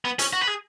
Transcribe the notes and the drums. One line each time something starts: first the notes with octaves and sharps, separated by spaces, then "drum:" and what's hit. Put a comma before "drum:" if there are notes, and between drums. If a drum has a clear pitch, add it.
B3
C#4, drum: hi-hat
F#4
B4
G#4